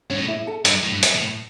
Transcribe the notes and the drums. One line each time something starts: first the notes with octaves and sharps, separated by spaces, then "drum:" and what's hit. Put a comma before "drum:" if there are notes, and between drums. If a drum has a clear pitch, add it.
G2 C#4 C#5
A2
E4 E5
A4 A5
G2, drum: hi-hat
A2
G2
drum: hi-hat
A2